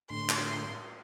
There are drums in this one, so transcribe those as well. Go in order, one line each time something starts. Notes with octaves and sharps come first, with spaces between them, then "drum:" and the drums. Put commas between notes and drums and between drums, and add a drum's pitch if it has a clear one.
A2 D3 C6
drum: clap